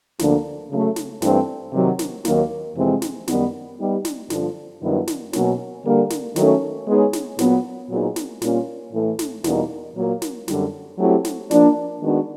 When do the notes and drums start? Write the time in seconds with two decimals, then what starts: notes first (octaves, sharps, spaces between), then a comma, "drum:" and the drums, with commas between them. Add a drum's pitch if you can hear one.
0.19 D2 D3 F3 A#3 D4, drum: snare
0.70 C#3 F#3 A3
0.96 drum: snare
1.22 G2 E3 A3 C4, drum: snare
1.73 C3 D#3 F#3
1.99 drum: snare
2.25 D#2 D#3 F#3 A#3, drum: snare
2.76 F2 C3 E3 G#3 C4
3.02 drum: snare
3.28 F#2 D#3 G3 B3, drum: snare
3.79 G3 B3 D#4 G4
4.05 drum: snare
4.30 G2 D3 F3, drum: snare
4.82 G2 D#3 F#3 B3 E4
5.08 drum: snare
5.33 B2 F#3 A#3 C#4, drum: snare
5.85 D3 G3 A#3
6.10 drum: snare
6.36 D#3 F#3 A3 C#4, drum: snare
6.88 G#3 B3 D#4 G#4 C#5
7.13 drum: snare
7.39 A#2 F#3 B3, drum: snare
7.90 A#2 F#3 B3 D#4 G#4
8.16 drum: snare
8.42 A#2 G3 A#3 C#4 F4, drum: snare
8.93 A2 E3 A3
9.19 drum: snare
9.44 E2 B2 G3 A#3 D#4, drum: snare
9.96 A#2 F#3 A#3
10.22 drum: snare
10.48 F#2 D3 G3, drum: snare
10.99 F#3 A3 C4 E4 G4
11.25 drum: snare
11.51 F3 A#3 D4, drum: snare
12.02 D#3 G#3 B3 D4 F#4